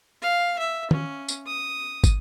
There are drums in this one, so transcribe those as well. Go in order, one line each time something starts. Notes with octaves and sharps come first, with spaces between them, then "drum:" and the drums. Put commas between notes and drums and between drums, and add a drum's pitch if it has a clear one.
F5
E5
C#4, drum: tom
drum: tambourine
D#6
drum: kick, tambourine